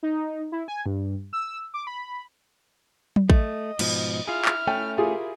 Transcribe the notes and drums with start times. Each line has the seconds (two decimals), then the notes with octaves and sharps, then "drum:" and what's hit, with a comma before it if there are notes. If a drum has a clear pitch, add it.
0.03 D#4
0.52 E4
0.68 G#5
0.86 G2
1.33 E6
1.74 D6
1.87 B5
3.16 drum: tom F#3
3.30 A3 D#5, drum: kick A1
3.79 G#2 B2 F3, drum: cymbal
4.28 E4 F4 G#4 F6
4.45 drum: clap
4.67 A3 C#4 G5
4.98 E4 F4 G4 G#4 A#4